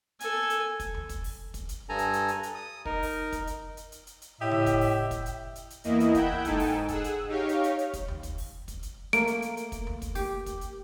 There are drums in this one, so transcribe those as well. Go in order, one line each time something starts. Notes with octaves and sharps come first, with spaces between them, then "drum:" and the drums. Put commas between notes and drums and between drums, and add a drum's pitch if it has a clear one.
A4 G#5, drum: hi-hat
drum: hi-hat
drum: kick, hi-hat
drum: tom D#2
drum: kick, hi-hat
drum: open hi-hat
drum: kick, hi-hat
drum: hi-hat
G2 A4 G#5 A#5
drum: hi-hat
drum: hi-hat
drum: hi-hat
drum: hi-hat
D#6
D#4 A#4, drum: kick
drum: open hi-hat
drum: kick, hi-hat
drum: hi-hat
drum: hi-hat
drum: hi-hat
drum: hi-hat
drum: hi-hat
A2 G4 D#5 E5
drum: tom C#3
drum: kick, hi-hat
drum: open hi-hat
drum: kick, hi-hat
drum: hi-hat
drum: hi-hat
drum: hi-hat
E2 A#3 E4 D#5, drum: hi-hat
drum: hi-hat
F#5 G5 B5 E6 G6 G#6, drum: kick, hi-hat
G#2 D#4 A4 G5 G#5, drum: kick, hi-hat
drum: open hi-hat
G#4 F#5 E6, drum: kick, hi-hat
drum: hi-hat
D#4 G4 C#5 F5
drum: hi-hat
drum: hi-hat
drum: hi-hat
drum: kick, hi-hat
drum: tom D#2
drum: kick, hi-hat
drum: open hi-hat
drum: kick, hi-hat
drum: hi-hat
A3 A#3 D7, drum: hi-hat
drum: hi-hat
drum: hi-hat
drum: hi-hat
drum: kick, hi-hat
drum: tom D#2
drum: kick, hi-hat
G4, drum: open hi-hat
drum: kick, hi-hat
drum: hi-hat